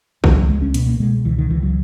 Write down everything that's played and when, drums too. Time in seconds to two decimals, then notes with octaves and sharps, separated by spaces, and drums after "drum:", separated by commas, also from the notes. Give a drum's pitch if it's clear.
0.24 C#2 E3, drum: kick
0.36 F#3
0.48 C#2 G#3
0.62 C#4
0.74 B2 B3, drum: hi-hat
0.87 A#3
1.00 B2 G#3
1.25 C#2 E3
1.38 D#3
1.50 C#2 E3
1.63 F#3